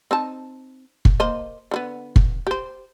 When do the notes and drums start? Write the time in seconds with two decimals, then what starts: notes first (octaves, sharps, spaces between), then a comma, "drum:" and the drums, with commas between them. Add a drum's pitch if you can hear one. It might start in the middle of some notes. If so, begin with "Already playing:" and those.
0.11 C4 D#4 A5
1.05 drum: kick
1.20 A#3 C5 D#5
1.71 D3 G3 B3
2.16 drum: kick
2.47 G4 C5